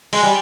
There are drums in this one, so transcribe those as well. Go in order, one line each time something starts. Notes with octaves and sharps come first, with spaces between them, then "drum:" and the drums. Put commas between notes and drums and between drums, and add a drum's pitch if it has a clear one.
G#3, drum: open hi-hat
G3